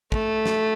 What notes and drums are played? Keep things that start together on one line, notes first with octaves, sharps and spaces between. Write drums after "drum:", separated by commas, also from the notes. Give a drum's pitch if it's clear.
A3, drum: kick
drum: snare